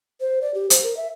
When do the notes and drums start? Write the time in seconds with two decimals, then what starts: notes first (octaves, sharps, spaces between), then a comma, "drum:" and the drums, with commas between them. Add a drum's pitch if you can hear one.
0.21 C5
0.42 D5
0.54 G4
0.70 C5, drum: hi-hat
0.83 A#4
0.97 E5